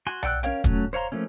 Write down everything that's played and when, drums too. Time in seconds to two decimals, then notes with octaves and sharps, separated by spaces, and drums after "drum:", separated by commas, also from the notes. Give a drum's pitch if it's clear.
0.07 F#4 G#5 C6
0.23 D5 F#5 G5 E6 F#6, drum: tom B1
0.43 C#4 A#4 C#5 F5 G5, drum: hi-hat
0.64 F#3 A3 C#4, drum: kick, hi-hat
0.93 C5 C#5 F5 A#5 C6
1.12 F3 A3 A#3 C#4